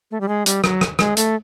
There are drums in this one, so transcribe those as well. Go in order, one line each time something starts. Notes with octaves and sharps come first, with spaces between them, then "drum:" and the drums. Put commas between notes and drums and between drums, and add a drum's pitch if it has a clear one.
A3
G3
G#3
G3, drum: hi-hat
F#3, drum: rim click
drum: rim click
G#3, drum: rim click
A3, drum: hi-hat